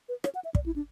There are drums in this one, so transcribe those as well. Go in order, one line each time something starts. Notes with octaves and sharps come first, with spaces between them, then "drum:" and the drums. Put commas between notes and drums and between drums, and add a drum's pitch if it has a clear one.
B4
C#5, drum: rim click
F#5
E5
D5, drum: kick
E4
D4